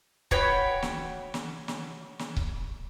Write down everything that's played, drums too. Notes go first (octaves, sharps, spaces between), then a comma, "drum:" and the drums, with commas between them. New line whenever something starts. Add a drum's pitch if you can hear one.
F#4 C#5 G5 B5, drum: kick C#1
drum: snare
drum: snare
drum: snare
drum: snare
drum: kick C#1